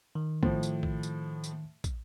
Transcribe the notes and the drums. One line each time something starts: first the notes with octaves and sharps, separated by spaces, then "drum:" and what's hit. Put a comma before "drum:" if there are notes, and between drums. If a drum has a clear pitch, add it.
D#3
A2 F3, drum: kick
drum: tambourine
drum: kick
drum: tambourine
drum: tambourine
drum: kick, tambourine